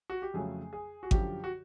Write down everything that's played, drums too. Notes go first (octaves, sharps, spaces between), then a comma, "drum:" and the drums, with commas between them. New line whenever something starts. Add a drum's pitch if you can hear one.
F#4
G4
F2 C#3 F#3 A3 G#4
G#4
F#4
F#2 D3 F3 G4, drum: kick G#1
F#4